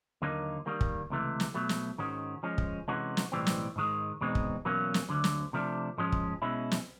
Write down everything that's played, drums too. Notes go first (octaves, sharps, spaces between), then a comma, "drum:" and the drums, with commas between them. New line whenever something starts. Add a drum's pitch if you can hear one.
D#2 D3 F#3 A#3 D#4
D#3 G3 A#3
drum: kick
C#2 C3 E3 A3
drum: snare
B2 F#3 A3
drum: snare
G#2 D#3 G#3 C#4 F#4
F3 G#3 C#4
drum: kick
C3 E3 G#3 C#4 F#4
drum: snare
B1 A2 E3 G3 C4
drum: snare
G#2 D#3 G#3
E2 B2 G#3 C4 D#4
drum: kick
E2 B2 F#3 A#3 C#4
drum: snare
D2 D3 F#3
drum: snare
C3 F3 A3 D4
G#2 F3 G#3 C#4
drum: kick
B2 G#3 C#4 E4
drum: snare